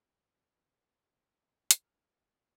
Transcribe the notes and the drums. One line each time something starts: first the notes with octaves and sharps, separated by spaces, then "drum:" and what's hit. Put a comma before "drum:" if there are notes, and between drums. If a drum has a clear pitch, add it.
F6, drum: hi-hat